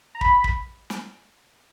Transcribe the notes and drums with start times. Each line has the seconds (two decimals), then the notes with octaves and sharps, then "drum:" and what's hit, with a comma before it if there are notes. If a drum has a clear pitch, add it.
0.15 A#5
0.21 B5, drum: kick
0.44 drum: kick
0.90 drum: snare